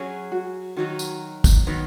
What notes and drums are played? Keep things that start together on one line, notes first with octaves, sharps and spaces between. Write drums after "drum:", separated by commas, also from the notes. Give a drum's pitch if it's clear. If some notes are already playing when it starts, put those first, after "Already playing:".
Already playing: F#3 C#4 G#4 C#5
F#4
D#3 F#3 D#4 F#4
drum: tambourine
drum: kick, tambourine
D#3 F#3 B3